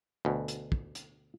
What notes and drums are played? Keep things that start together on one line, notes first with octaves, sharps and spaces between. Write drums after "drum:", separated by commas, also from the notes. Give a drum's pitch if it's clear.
D2 B2
drum: hi-hat
drum: kick
drum: hi-hat